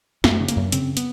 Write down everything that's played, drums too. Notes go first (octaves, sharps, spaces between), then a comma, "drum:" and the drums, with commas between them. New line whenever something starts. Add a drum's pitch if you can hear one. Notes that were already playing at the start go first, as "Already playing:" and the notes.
F#2 A3, drum: snare
C#3
A#3, drum: hi-hat
F#2
C#3 C4, drum: hi-hat
B3, drum: hi-hat